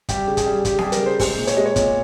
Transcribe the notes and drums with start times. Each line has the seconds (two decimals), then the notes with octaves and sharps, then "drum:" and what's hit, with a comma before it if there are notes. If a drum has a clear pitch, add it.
0.09 G3 G4, drum: kick, hi-hat
0.27 C#3
0.37 G#4, drum: kick, hi-hat
0.46 G3
0.65 C#3 G4, drum: kick, hi-hat
0.79 G3 G#4, drum: snare B3
0.92 A#4, drum: hi-hat
1.02 C#3 C5
1.20 G#3 C5, drum: kick, open hi-hat
1.38 A#2
1.47 C#5, drum: hi-hat
1.57 G#3 D#5
1.66 C#5
1.76 A#2, drum: kick, hi-hat